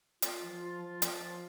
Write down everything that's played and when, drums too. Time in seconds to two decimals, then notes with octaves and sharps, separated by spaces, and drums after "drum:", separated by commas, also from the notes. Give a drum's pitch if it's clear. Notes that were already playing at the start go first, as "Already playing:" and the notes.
0.22 F4, drum: hi-hat
0.42 F3
0.62 F4
0.81 F3
1.02 F3, drum: hi-hat
1.22 F4